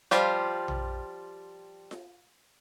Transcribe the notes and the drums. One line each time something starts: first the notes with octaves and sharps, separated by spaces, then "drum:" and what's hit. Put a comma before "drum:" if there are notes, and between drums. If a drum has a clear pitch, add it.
F3 G3 F4 G4, drum: hi-hat
drum: tom A#1
drum: snare F4